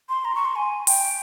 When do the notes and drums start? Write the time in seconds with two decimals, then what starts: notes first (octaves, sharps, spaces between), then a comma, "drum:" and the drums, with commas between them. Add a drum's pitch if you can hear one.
0.09 C6
0.25 A#5
0.35 C#6
0.45 C6
0.56 G#5
0.87 G5, drum: open hi-hat